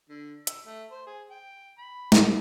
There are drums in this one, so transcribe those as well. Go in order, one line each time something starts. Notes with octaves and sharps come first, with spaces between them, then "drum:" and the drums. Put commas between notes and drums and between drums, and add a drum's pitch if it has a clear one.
D3
E6, drum: hi-hat
A3
C5
G#4
G5
B5
G4, drum: snare